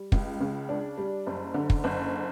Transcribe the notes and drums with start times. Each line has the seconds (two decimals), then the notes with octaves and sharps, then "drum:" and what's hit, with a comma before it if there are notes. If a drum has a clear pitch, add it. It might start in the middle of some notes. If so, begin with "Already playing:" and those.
Already playing: G3
0.12 C#2, drum: kick
0.40 C#3
0.69 D4
0.98 G3
1.26 F#1
1.54 D3
1.70 drum: kick
1.84 F#1